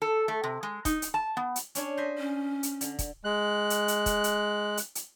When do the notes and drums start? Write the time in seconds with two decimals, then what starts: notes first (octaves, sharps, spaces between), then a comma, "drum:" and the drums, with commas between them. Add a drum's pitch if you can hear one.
0.02 A4
0.28 A3
0.44 C3
0.63 G#3
0.85 D#4, drum: kick, hi-hat
1.02 drum: hi-hat
1.14 A5
1.37 B3
1.56 drum: hi-hat
1.75 C#4 D4 C#5, drum: hi-hat
1.97 C5 D#5 E5
2.18 C#4
2.63 drum: hi-hat
2.81 D3, drum: hi-hat
2.99 drum: kick, hi-hat
3.25 G#3 F#6
3.70 drum: hi-hat
3.88 drum: hi-hat
4.06 drum: kick, hi-hat
4.24 drum: hi-hat
4.77 drum: hi-hat
4.95 drum: hi-hat